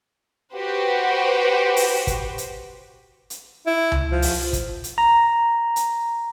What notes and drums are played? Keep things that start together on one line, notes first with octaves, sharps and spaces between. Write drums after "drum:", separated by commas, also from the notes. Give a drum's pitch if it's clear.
F#4 G4 B4 C5
drum: open hi-hat
drum: kick, hi-hat
drum: hi-hat
drum: hi-hat
E4
drum: tom C#2
F3
drum: open hi-hat
drum: kick, hi-hat
drum: hi-hat
A#5
drum: hi-hat